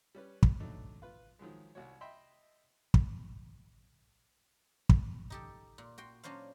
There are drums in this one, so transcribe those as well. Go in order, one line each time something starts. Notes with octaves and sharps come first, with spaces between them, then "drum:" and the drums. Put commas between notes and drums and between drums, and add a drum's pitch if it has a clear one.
G3 C#4 B4
drum: kick
F#3 A3 D4 D#4
F4 B4
D#3 F3 F#3 G#3
C2 F#4 C#5
D#5 E5 G5 B5 C6
drum: kick
drum: kick
D#4 G4 A4
A#2
F#4 G5 C6
F#3 C#4 D4 C5 F5